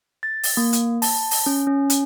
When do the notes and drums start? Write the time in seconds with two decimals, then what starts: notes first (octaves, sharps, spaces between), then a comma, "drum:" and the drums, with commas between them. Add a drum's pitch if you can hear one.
0.23 A6
0.43 drum: open hi-hat
0.57 A#3
0.73 drum: hi-hat
1.02 A5, drum: open hi-hat
1.31 drum: open hi-hat
1.46 C#4
1.67 C#4
1.90 drum: hi-hat